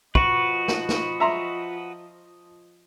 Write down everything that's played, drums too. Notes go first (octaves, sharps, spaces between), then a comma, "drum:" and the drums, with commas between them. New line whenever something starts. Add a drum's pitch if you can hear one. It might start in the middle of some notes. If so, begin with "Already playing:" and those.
F3 F#4 B4 D#5 C#6, drum: kick
drum: snare
drum: snare
E5 A#5 C6